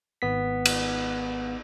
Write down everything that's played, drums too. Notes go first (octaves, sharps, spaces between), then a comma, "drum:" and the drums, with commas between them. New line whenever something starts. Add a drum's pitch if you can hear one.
G#1 B3 B6
drum: cymbal